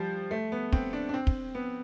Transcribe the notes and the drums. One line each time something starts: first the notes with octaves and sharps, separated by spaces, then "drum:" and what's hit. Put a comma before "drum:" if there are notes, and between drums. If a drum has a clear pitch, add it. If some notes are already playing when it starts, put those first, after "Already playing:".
Already playing: F3 G3
A3
B3
C4, drum: kick
D4
D4
C4
drum: kick
B3